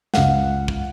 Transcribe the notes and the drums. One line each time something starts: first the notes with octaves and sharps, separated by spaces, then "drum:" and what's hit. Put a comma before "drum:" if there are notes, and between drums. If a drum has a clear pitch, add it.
C#2 F5 F#5, drum: snare
drum: kick